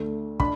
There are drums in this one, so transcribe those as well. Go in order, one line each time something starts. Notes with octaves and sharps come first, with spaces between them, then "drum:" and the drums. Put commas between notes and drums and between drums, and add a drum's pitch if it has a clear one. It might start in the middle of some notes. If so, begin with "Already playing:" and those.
Already playing: D2 D3 A3 D4
D4 B5, drum: kick